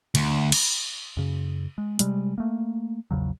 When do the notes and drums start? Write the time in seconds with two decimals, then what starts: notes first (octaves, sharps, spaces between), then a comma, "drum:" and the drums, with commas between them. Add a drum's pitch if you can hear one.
0.15 D2, drum: cymbal
0.52 drum: cymbal
1.17 F#2 C#3
1.78 G#3
1.99 C3 G3 G#3, drum: hi-hat
2.38 A3 A#3
3.11 A#1 E2 C#3 F#3